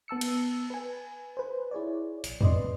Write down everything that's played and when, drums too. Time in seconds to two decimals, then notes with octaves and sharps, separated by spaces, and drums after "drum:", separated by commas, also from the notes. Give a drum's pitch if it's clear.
0.08 B3 A5 E6 C#7
0.21 drum: cymbal
0.70 B4 G#5
1.37 B4 C5
1.71 E4 G#4 C#5 D5
2.24 A#1, drum: open hi-hat
2.41 B4 D5 D#5 C6, drum: tom E2